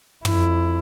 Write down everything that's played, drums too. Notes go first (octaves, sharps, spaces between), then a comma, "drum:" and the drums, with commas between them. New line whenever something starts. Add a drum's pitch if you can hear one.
F2 E4, drum: tom